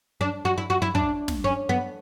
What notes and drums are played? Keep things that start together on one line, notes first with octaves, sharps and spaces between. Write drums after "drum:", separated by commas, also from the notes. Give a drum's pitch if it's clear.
D4
F#4
E4
F#4
E4
D4, drum: kick
drum: snare
C#4
B3